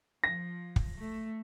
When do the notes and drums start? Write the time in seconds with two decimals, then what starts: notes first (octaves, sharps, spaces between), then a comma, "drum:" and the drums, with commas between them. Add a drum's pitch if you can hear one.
0.24 F3 A#6
0.76 drum: kick
0.95 A3